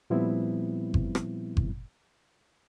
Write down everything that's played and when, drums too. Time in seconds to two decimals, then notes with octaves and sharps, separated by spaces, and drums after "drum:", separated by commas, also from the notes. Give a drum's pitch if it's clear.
0.10 A#2 F3 G3 B3 C4 E4
0.94 drum: kick G1
1.15 drum: rim click
1.57 drum: kick G1